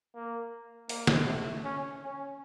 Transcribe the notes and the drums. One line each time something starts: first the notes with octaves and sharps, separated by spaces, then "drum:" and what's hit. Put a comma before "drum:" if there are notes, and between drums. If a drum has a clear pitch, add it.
A#3
A#3, drum: open hi-hat
drum: snare
A3
C#4
C#4